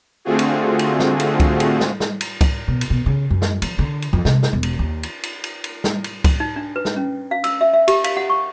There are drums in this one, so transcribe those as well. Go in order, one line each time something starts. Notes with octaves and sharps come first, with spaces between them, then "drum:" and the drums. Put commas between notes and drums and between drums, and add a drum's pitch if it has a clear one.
D3 A3 C4 F4 F#4 G#4
drum: cymbal
drum: cymbal
drum: snare
drum: cymbal
drum: kick, cymbal
drum: cymbal
drum: snare
drum: snare
drum: cymbal
drum: kick, cymbal
B2
drum: cymbal
B2
C#3
F#2
drum: snare
F3, drum: cymbal
D3
drum: cymbal
F2
C3, drum: snare
drum: snare
E1
drum: cymbal
D#2
drum: cymbal
drum: cymbal
drum: cymbal
drum: cymbal
drum: snare
drum: cymbal
drum: kick, cymbal
D#4
D4
B4
drum: snare
C#4
F5
E6, drum: cymbal
E5
E5
G4, drum: cymbal
F5, drum: cymbal
F#5
C#6